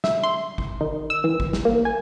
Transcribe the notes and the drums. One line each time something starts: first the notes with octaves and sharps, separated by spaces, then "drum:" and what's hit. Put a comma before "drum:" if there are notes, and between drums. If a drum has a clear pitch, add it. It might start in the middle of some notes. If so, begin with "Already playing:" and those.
E5, drum: snare
C6
drum: kick G#1
D#3
E6
E3
drum: kick G#1
drum: snare
A#3
G#5